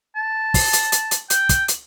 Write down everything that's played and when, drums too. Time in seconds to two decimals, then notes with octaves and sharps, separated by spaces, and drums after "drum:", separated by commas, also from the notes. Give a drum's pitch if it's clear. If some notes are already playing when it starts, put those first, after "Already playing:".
0.16 A5
0.54 drum: kick, open hi-hat
0.73 drum: hi-hat
0.92 drum: hi-hat
1.11 drum: hi-hat
1.30 G5, drum: hi-hat
1.49 drum: kick, hi-hat
1.68 drum: hi-hat